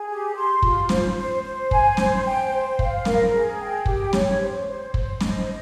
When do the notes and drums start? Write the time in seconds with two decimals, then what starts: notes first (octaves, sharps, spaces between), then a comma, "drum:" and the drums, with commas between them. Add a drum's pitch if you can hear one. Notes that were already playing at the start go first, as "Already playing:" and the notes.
Already playing: G#4
0.08 G4
0.36 C6
0.62 F4, drum: kick
0.89 C5, drum: snare
1.17 C5
1.43 C5
1.71 G#5, drum: kick
1.97 C5, drum: snare
2.24 G5
2.52 C5
2.79 F5, drum: kick
3.05 A#4, drum: snare
3.32 G#4
3.60 G5
3.85 G4, drum: kick
4.13 C#5, drum: snare
4.40 C5
4.67 C5
4.94 C5, drum: kick
5.20 D#5, drum: snare